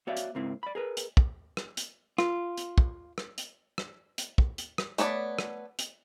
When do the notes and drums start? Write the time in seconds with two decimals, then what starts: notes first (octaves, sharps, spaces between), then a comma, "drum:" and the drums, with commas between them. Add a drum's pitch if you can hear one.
0.07 A#3 F#4 C#5 D5 E5 F5
0.17 drum: hi-hat
0.35 C#2 G#2 A#3 C4 E4
0.63 D5 B5
0.75 G#4 A#4 B4
0.97 drum: hi-hat
1.17 drum: kick
1.57 drum: rim click
1.77 drum: hi-hat
2.18 F4, drum: rim click
2.58 drum: hi-hat
2.78 drum: kick
3.18 drum: rim click
3.38 drum: hi-hat
3.78 drum: rim click
4.18 drum: hi-hat
4.38 drum: kick
4.58 drum: hi-hat
4.78 drum: rim click
4.98 A3 B3 C#5 D5, drum: hi-hat
5.39 drum: rim click
5.79 drum: hi-hat